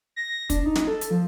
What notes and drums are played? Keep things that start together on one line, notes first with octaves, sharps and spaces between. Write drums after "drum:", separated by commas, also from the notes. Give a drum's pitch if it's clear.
A#6
D4, drum: kick, hi-hat
D#4
drum: snare
A4
drum: hi-hat
F3